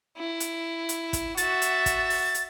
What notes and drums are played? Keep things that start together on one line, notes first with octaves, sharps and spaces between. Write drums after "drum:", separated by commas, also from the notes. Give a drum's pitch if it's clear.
E4
drum: hi-hat
drum: hi-hat
drum: kick, hi-hat
F#4 E5 A6, drum: hi-hat
drum: hi-hat
drum: kick, hi-hat
drum: open hi-hat
drum: hi-hat